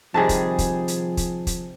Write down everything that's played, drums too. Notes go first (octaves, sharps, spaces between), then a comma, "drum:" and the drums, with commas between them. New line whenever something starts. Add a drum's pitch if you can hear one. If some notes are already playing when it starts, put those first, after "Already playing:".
C3 D#3 F3 G3 G#4 A5
drum: kick, hi-hat
drum: kick, hi-hat
drum: hi-hat
drum: kick, hi-hat
drum: kick, hi-hat